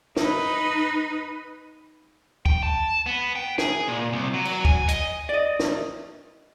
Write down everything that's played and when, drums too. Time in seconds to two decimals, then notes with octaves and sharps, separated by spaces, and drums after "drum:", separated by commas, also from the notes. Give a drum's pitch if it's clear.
0.16 D#4 B4, drum: snare
2.46 G5, drum: kick
2.63 A5
3.06 B3
3.36 G5
3.58 G#4, drum: snare
3.88 A#2
4.12 C2
4.34 F#3
4.45 drum: cymbal
4.65 G#5, drum: kick
4.88 D#5, drum: hi-hat
5.29 D5 D#5
5.60 drum: snare